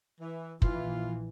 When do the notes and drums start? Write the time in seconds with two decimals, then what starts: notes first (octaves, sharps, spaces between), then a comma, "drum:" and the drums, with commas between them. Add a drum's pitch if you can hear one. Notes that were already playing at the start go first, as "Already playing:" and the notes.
0.20 E3
0.62 A#1 E3 F4, drum: kick